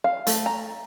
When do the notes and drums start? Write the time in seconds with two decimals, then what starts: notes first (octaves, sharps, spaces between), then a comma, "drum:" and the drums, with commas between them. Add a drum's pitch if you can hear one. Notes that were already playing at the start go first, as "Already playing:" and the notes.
0.04 F5
0.27 A3, drum: hi-hat
0.46 A#5